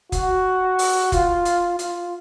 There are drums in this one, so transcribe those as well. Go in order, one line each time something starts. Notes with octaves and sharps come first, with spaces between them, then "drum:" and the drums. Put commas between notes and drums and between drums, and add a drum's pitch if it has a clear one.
F#4, drum: kick F1, hi-hat
drum: open hi-hat
F4, drum: kick F1, hi-hat
drum: hi-hat
F4, drum: hi-hat